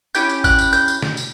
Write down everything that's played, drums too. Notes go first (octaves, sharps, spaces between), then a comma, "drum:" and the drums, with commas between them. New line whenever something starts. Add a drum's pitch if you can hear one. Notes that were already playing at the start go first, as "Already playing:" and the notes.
C#4 E4 G4 G6, drum: tambourine
drum: tambourine
F#6, drum: kick, tambourine
drum: tambourine
G6, drum: tambourine
drum: tambourine
drum: snare
drum: tambourine